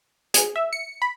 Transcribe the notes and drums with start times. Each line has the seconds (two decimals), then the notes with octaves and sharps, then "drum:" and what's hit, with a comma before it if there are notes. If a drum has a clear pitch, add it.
0.34 G#4, drum: hi-hat
0.56 E5
0.73 C#7
1.02 B5